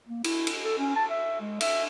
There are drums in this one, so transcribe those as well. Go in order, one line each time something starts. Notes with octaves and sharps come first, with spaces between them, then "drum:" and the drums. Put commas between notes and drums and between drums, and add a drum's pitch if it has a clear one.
A#3
E4, drum: cymbal
drum: cymbal
A4
C#4
A5
E5
G#3
E5, drum: cymbal